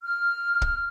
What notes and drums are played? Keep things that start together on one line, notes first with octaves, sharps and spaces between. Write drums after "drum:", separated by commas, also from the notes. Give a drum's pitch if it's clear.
F6
drum: kick